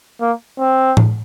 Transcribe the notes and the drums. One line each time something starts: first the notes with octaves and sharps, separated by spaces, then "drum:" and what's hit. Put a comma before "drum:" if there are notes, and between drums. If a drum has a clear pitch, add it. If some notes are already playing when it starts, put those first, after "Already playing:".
A#3
C4
drum: tom A2